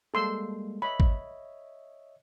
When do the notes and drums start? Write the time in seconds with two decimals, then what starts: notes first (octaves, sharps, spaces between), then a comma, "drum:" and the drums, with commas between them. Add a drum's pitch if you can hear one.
0.14 G3 G#3 A#3 A4 C6 E6
0.82 C#5 D#5 E5 B5
1.00 drum: kick G#1